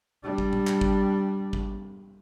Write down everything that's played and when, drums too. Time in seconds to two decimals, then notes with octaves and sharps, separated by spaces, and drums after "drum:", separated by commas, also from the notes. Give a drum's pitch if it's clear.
0.24 G3 D4
0.38 drum: kick
0.53 drum: tom A2
0.67 drum: clap
0.81 drum: kick
1.53 drum: kick